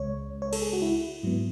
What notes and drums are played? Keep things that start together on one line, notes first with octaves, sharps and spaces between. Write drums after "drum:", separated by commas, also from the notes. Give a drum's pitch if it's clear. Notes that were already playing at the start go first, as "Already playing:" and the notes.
Already playing: C#2 C#3 G#3 C#5
C#5
A4, drum: cymbal
G#4
F#4
E4
G#2 F#3 B3